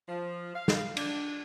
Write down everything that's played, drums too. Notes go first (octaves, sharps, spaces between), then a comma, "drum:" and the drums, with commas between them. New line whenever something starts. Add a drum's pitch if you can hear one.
F3
F5
drum: snare
D4, drum: cymbal